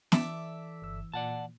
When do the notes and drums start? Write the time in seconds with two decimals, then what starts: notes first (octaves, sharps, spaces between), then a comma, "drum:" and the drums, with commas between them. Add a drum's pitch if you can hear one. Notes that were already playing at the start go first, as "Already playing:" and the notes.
0.12 E3 A4 D5 E5, drum: snare
0.82 G1 E6
1.14 A#2 D5 F#5 A5